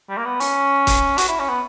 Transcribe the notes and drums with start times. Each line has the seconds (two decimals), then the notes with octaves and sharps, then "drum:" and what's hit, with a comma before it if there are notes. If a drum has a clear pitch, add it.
0.09 G3
0.17 A#3
0.25 B3
0.40 C#4, drum: open hi-hat
0.87 drum: kick, hi-hat
1.18 F#4, drum: hi-hat
1.28 E4
1.39 C#4
1.49 B3